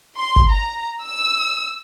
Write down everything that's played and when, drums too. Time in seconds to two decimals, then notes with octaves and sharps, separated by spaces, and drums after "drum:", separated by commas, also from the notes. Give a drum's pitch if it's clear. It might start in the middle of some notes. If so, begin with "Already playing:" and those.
0.19 C6
0.36 drum: kick G1
0.50 A#5
1.04 E6